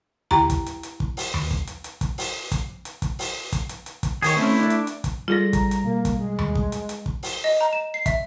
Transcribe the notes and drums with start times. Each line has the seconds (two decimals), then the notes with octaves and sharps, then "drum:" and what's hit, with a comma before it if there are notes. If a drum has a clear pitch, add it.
0.31 E4 G4 G5 A#5, drum: tom D#2
0.50 drum: kick, hi-hat
0.66 drum: hi-hat
0.83 drum: hi-hat
1.00 drum: kick
1.17 drum: open hi-hat
1.34 drum: tom D#2
1.51 drum: kick
1.67 drum: hi-hat
1.84 drum: hi-hat
2.01 drum: kick, hi-hat
2.18 drum: open hi-hat
2.52 drum: kick, hi-hat
2.85 drum: hi-hat
3.02 drum: kick, hi-hat
3.19 drum: open hi-hat
3.52 drum: kick, hi-hat
3.69 drum: hi-hat
3.86 drum: hi-hat
4.03 drum: kick, hi-hat
4.22 D#3 G#4 C#5, drum: open hi-hat
4.37 A3 C4 C#4 E4
4.59 D4 D5
4.70 drum: hi-hat
4.87 drum: hi-hat
5.04 drum: kick, hi-hat
5.28 G3 F4 G#4 A4 A#6
5.53 A1 A#5, drum: kick, hi-hat
5.71 drum: hi-hat
5.83 B2 A#3
6.05 drum: kick, hi-hat
6.18 G#3
6.39 drum: tom D#2
6.55 drum: kick
6.72 drum: hi-hat
6.89 drum: hi-hat
7.06 drum: kick
7.23 drum: open hi-hat
7.33 G7
7.44 D#5
7.61 A#5
7.73 E7
7.94 C7
8.06 E5, drum: kick, hi-hat